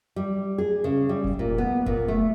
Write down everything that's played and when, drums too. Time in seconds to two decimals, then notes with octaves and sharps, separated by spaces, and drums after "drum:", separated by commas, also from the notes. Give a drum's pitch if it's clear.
0.16 G3
0.58 G#4
0.84 C#3
1.09 G3
1.24 drum: kick F1
1.39 A#2
1.58 B3
1.86 A#2, drum: kick F1
2.08 A3